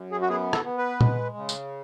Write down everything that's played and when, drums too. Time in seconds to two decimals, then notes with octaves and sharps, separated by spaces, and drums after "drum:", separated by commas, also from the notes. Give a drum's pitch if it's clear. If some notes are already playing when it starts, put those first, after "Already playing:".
Already playing: F#2
0.11 G#4
0.22 F#4
0.29 B3 G#4
0.53 A4, drum: rim click
0.65 B3
0.78 B4
1.01 G#3, drum: tom A#2
1.37 C#3
1.49 drum: tambourine